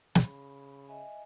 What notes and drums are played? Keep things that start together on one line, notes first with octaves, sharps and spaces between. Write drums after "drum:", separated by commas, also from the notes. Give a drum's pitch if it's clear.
C#3 B5, drum: snare
D#5 E5 G#5